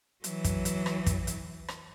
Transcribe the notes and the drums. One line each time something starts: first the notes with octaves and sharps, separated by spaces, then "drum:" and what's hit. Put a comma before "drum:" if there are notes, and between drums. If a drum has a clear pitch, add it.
E3 F#3, drum: hi-hat
drum: kick, hi-hat
drum: hi-hat
drum: rim click
drum: kick, hi-hat
drum: hi-hat
drum: rim click